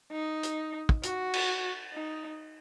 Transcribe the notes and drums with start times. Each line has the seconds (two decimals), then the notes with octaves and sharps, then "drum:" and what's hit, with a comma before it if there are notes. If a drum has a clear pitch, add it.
0.12 D#4
0.43 drum: hi-hat
0.89 drum: kick
1.03 F#4, drum: hi-hat
1.34 drum: cymbal
1.94 D#4